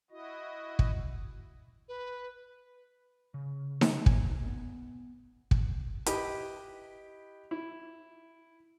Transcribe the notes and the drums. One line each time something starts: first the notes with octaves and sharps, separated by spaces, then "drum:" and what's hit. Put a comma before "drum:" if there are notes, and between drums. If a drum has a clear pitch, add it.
E4 F#4 D#5
drum: kick
B4
C#3
drum: snare D#4
G#5, drum: kick
B3
drum: kick
E4 G4 B4 D#5 B5, drum: hi-hat
E4